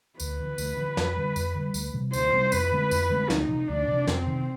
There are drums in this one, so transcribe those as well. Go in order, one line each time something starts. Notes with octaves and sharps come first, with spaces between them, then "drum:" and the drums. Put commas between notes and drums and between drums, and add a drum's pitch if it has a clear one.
D2 B4, drum: tambourine
D3 F3
D2, drum: tambourine
D3 F3
F2, drum: snare
D3 G3
F2, drum: tambourine
D3 G3
D2, drum: tambourine
C3 G3 C4
D2 C5, drum: tambourine
C3 G3 C4
F2 B4, drum: tambourine
D3 G#3 C4
F2, drum: tambourine
D3 G#3 C4
D2 D#4, drum: snare
C3 F3
D2 D4
C3 F3
F2 C4, drum: snare
C3 D#3